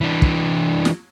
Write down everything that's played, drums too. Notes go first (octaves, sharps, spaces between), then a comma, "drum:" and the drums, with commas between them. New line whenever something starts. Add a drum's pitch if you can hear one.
E3 D4
drum: kick
drum: snare